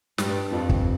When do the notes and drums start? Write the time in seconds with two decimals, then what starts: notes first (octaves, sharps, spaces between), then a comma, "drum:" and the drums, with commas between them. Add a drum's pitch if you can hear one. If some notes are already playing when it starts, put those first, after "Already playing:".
0.18 G2 G3, drum: snare
0.52 F2 F3
0.69 drum: kick